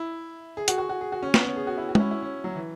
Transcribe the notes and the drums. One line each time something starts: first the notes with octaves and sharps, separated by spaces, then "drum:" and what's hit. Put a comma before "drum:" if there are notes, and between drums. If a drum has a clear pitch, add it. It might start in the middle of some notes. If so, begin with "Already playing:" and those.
Already playing: E4
G#4
F#4, drum: hi-hat
F#4
F#4
G#4
F#4
C#4
B3, drum: snare
C#4
G#4
F#4
E4
F#4
C#4, drum: tom G#3
E4
E4
C#4
F#3
E3